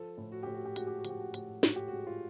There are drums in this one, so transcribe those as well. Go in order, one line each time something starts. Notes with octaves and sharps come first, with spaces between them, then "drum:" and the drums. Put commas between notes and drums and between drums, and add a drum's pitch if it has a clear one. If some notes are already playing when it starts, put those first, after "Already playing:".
Already playing: F3 A4
A2
F#4
A2 G4
F#4
G4
G#3 F#4, drum: hi-hat
G4
F#4
F3, drum: hi-hat
G4
F#4
A2, drum: hi-hat
A2 F#4, drum: snare
G4
G#3 F#4
F4